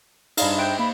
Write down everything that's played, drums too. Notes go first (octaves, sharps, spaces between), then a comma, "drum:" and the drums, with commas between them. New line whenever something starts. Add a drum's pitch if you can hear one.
G2 G#3 D#4 D5 F5 B5, drum: cymbal
C5 E5 G5 F#6 D7
A#3 B5